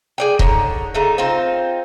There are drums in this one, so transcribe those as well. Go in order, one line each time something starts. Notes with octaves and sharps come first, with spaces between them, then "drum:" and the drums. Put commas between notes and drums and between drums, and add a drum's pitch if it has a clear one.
G#4 D5 G5
D3 D#4 C#5, drum: kick
C#3 A3 D#4
C4 D#4 F4 C5